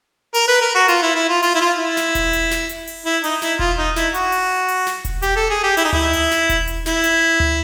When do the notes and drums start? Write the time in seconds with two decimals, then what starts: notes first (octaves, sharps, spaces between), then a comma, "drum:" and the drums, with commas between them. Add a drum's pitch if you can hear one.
0.34 A#4, drum: open hi-hat
0.48 B4
0.61 A#4
0.75 F#4
0.88 F4, drum: hi-hat
1.02 E4
1.15 E4
1.29 F4
1.43 F4, drum: open hi-hat
1.55 E4
1.61 F4
1.79 E4
1.97 drum: snare
2.15 drum: kick E1, hi-hat
2.33 drum: hi-hat
2.51 drum: snare
2.69 drum: hi-hat
2.87 drum: open hi-hat
3.06 E4
3.24 D#4, drum: open hi-hat
3.42 E4, drum: snare
3.59 F4, drum: kick E1
3.78 D#4
3.96 E4, drum: snare
4.14 F#4, drum: hi-hat
4.32 drum: open hi-hat
4.68 drum: open hi-hat
4.87 drum: snare
5.05 drum: kick E1, hi-hat
5.22 G4, drum: hi-hat
5.36 A4
5.50 G#4
5.63 G4
5.77 E4, drum: open hi-hat
5.84 D#4
5.93 E4, drum: tom D2
6.13 drum: open hi-hat
6.31 drum: snare
6.49 drum: kick E1, hi-hat
6.68 drum: hi-hat
6.86 E4, drum: snare
7.04 drum: hi-hat
7.40 drum: tom D2